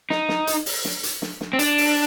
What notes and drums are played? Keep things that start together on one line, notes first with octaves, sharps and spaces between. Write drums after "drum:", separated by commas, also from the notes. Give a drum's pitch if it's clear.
D#4, drum: snare
drum: snare
drum: hi-hat
drum: open hi-hat
drum: snare
drum: hi-hat
drum: snare
drum: snare
C4
D4, drum: hi-hat
drum: open hi-hat